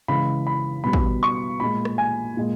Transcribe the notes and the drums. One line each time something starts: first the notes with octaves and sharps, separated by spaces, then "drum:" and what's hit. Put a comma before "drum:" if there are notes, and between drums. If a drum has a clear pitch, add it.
C#3 E3 G#3 B5
B5
B2 G3 B5
drum: kick
C#6
A#2 G#3 B5
drum: rim click
G#5
A#2 G#3